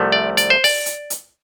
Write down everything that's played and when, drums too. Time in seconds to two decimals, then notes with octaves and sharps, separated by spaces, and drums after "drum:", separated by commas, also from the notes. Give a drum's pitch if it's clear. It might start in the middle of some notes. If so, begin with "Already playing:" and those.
Already playing: C2 C3 F3 A3
0.12 D5
0.37 D5, drum: hi-hat
0.50 C5
0.64 D5, drum: open hi-hat
0.86 drum: hi-hat
1.10 drum: hi-hat